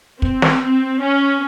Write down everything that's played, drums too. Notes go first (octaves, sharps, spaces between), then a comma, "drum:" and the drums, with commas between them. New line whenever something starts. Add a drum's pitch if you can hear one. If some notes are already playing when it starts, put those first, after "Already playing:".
C4, drum: kick
drum: snare
C4
C#4